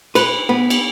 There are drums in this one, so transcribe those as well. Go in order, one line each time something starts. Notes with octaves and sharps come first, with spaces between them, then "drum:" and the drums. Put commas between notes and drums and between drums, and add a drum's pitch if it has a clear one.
B4, drum: cymbal
B3
drum: cymbal